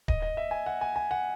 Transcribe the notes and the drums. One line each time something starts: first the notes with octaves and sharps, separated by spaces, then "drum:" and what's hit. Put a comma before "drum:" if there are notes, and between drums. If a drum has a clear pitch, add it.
D#5, drum: kick D1
D#5
E5
G#5
F#5
G#5
G#5
F#5